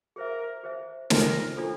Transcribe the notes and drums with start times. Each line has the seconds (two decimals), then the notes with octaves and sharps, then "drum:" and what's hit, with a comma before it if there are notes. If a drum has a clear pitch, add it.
0.16 G#4 A#4 C5 E5
0.64 G#4 C5 E5
1.10 D4 F4 A4 A#4 C5, drum: snare
1.57 D4 F4 A4 C5